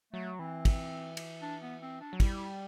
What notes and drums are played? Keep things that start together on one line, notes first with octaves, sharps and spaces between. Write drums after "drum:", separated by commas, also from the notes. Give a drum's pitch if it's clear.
F#3 A3
E3 C4
drum: kick, cymbal
drum: cymbal
D4
B3
C4
D4
F#3
G3 E4, drum: kick, cymbal